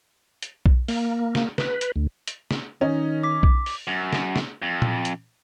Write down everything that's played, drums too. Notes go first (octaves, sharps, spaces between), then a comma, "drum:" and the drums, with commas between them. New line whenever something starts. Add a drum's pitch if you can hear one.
drum: hi-hat
drum: kick B1
A#3, drum: open hi-hat
drum: snare
B4, drum: snare
drum: hi-hat
D2
drum: hi-hat
drum: snare
D#3 C#4 D#4
D6 B6
drum: kick B1
drum: open hi-hat
F#2
drum: snare
drum: snare
F2
drum: tom A#2
drum: hi-hat